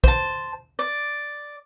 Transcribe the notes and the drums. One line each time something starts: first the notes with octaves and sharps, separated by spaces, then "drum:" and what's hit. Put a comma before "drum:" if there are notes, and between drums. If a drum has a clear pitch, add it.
C5 A5, drum: kick
D5